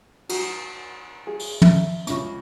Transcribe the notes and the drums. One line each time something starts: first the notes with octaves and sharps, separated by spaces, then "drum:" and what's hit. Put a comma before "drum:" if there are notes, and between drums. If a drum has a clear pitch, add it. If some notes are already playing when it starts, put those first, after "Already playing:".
F#4, drum: cymbal
G#4
drum: open hi-hat
E5, drum: tom
C#2 C#3 C#6, drum: hi-hat